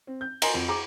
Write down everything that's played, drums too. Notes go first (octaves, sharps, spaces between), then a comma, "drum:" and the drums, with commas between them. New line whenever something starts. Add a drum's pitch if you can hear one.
C4
G6
A#4 D#5 G#5 A#5 C6, drum: cymbal
F2
G#4 A#5 D6